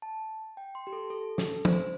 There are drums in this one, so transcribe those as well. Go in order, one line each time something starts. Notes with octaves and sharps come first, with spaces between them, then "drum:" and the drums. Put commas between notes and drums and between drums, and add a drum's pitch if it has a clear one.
A5
G5
C6
G4
A4
A4
A4, drum: snare
C5, drum: tom